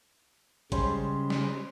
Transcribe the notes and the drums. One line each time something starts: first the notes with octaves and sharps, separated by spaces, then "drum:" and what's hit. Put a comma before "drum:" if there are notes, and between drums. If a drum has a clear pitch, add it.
C#3 G3 G#3 C#4 C5 B5 C6, drum: kick, hi-hat
drum: snare